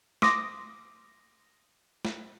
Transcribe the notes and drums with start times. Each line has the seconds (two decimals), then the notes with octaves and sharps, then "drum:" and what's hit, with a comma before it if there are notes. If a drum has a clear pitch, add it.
0.22 C6 D6 D#6 A#6, drum: snare
2.05 drum: snare